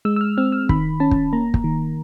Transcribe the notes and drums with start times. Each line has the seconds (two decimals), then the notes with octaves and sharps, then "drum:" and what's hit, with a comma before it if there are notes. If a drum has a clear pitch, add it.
0.05 G#3 E6
0.16 E6
0.21 F6
0.38 C4 F6
0.52 E6
0.69 D#3 B5, drum: kick
1.00 C#4 A5
1.11 drum: kick
1.33 A#3 A#5
1.54 drum: kick
1.64 D#3